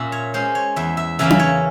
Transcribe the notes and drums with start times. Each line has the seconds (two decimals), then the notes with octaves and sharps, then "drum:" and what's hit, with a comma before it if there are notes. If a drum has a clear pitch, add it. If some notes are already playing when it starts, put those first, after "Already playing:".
Already playing: A#2 C#4 E5
0.12 C#5
0.34 G#3 C#4 C5
0.55 C#5
0.76 E2 E5
0.97 E5
1.19 C#3 E3 A#3 C#4 E5
1.30 drum: tom C#4
1.39 C#5